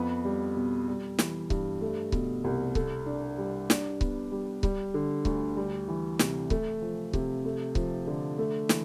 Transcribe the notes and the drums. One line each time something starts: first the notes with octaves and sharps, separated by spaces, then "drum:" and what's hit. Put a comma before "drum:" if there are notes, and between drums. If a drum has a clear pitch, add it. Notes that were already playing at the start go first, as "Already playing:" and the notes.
Already playing: F2 B3
G3
B2
G3
E3, drum: snare
G2, drum: kick C#1
A3
B2, drum: kick C#1
C2
A4, drum: kick C#1
D4
G3
D4, drum: snare
B3, drum: kick C#1
G3
G3, drum: kick C#1
D3
D2, drum: kick C#1
G3
E3
C3, drum: snare
A3, drum: kick C#1
F3
C3, drum: kick C#1
A3
F3, drum: kick C#1
D3
A3
E3, drum: snare